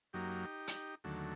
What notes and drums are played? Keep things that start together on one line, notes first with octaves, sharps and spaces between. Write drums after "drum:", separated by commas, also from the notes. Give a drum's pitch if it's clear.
F#2 F#3 A#3 D#4 G4
drum: hi-hat
D#2 D3 F#3 A3